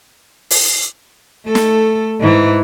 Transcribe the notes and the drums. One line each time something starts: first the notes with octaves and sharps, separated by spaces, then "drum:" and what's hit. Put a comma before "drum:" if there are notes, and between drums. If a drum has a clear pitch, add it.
drum: open hi-hat
A3 A4
drum: snare
G#2 E3